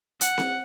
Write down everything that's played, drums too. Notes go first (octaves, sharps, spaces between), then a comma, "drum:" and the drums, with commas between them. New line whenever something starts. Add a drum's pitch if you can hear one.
F#5, drum: hi-hat
drum: snare C4